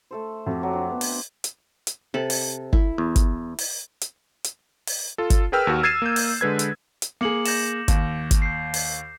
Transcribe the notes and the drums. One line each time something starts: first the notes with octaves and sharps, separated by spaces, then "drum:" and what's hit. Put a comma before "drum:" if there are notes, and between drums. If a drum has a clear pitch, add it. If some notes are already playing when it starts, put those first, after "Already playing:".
A3 A4 C5
F2 F#4 G4
F#3 D5
C4 D4
B3
drum: open hi-hat
drum: hi-hat
drum: hi-hat
C3 A4 B5
drum: open hi-hat
E4, drum: kick G1
E2
drum: kick G1, hi-hat
drum: open hi-hat
drum: hi-hat
drum: hi-hat
drum: open hi-hat
F4 A4
drum: kick G1, hi-hat
G#4 A#4 B4 G5 E6 F6
D#2 F#4
E6 G#6 A6 C7 D#7 E7
A#3 G6
drum: open hi-hat
D3 G#3 B4 G#6
drum: hi-hat
drum: hi-hat
A#3 G#4 D6 C#7 F#7
G6 A#6 E7, drum: open hi-hat
D#2, drum: kick G1, hi-hat
drum: kick G1, hi-hat
G6 C7
drum: open hi-hat